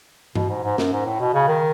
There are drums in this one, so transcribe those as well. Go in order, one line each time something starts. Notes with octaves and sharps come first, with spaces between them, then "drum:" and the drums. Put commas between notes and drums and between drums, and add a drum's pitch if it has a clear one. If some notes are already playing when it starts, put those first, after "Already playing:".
B2, drum: tom G2
G#2
G#2
F#2, drum: snare
G#2
A2
B2
C#3
D#3